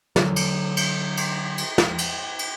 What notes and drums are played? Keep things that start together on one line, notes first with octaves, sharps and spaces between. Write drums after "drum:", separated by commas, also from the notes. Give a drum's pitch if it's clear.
D3 F#3, drum: snare
drum: cymbal
drum: cymbal
drum: cymbal
drum: cymbal
drum: snare
drum: cymbal
drum: cymbal